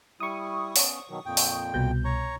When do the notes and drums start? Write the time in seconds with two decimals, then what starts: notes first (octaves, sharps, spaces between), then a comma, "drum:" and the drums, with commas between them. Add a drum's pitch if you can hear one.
0.20 G3 E4 C#6 D#6
0.76 B3 C#4, drum: open hi-hat
1.10 B2 D#3 F#3
1.26 F2 A#2 G5
1.37 drum: open hi-hat
1.74 C2 B2 G6
2.05 C#5 A#5 C#6